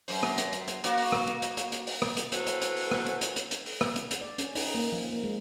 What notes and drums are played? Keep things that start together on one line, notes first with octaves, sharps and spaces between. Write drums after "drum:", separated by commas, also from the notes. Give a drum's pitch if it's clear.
F#2 C5, drum: open hi-hat
drum: rim click
drum: hi-hat
drum: hi-hat
drum: hi-hat
A#3 F#4, drum: hi-hat
drum: open hi-hat
drum: rim click
drum: hi-hat
drum: hi-hat
drum: hi-hat
drum: hi-hat
drum: open hi-hat
drum: rim click
drum: hi-hat
E3 F#3 F#4 A4 B4 C5, drum: hi-hat
drum: hi-hat
drum: hi-hat
drum: open hi-hat
drum: rim click
drum: hi-hat
drum: hi-hat
drum: hi-hat
drum: hi-hat
drum: open hi-hat
drum: rim click
drum: hi-hat
drum: hi-hat
D5
C#4, drum: hi-hat
D#4, drum: open hi-hat
A#3
F3
A#3
G#3